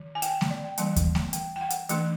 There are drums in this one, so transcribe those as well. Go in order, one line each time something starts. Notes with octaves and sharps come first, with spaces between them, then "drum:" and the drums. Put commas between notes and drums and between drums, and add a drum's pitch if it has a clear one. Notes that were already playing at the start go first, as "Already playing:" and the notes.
Already playing: D#3
G#5
G5, drum: hi-hat
drum: snare A3
D5
G5
E3 G3 A#3 D4, drum: hi-hat
drum: kick D#2, hi-hat
drum: snare A3
G5, drum: hi-hat
G5
F#5
drum: hi-hat
E3 A3 D4, drum: hi-hat